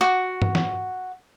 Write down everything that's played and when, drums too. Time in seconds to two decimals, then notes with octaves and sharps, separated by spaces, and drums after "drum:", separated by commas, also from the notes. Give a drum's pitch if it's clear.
0.01 F#4
0.42 drum: tom
0.55 drum: snare